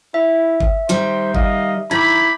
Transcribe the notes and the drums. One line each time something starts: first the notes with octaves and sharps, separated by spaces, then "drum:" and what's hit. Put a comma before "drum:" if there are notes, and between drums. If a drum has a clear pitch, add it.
E4 E5
drum: kick G1
D#3 G3 C5
D#5 F5, drum: kick G1
D#3 E4 B5 D6 G6 G#6